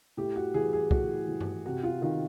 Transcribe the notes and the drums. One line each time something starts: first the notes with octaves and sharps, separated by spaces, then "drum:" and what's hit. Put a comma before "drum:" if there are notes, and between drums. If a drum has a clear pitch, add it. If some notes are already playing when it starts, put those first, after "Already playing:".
A2 G4
F#4
E3 G#4
G#4
A2 F#4, drum: kick
E3
drum: tom G2
C3 F#4
F4
D#3 F4